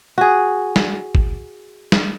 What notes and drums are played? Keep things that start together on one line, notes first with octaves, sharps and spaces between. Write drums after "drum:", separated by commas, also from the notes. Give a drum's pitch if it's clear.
F#4 G#4
drum: snare
drum: kick
drum: snare